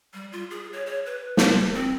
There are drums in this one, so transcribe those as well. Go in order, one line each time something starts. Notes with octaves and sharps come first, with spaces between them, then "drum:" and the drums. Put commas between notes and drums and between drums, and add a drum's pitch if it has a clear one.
G3
F4
G#4
C#5
C#5
B4
A#4, drum: snare
C4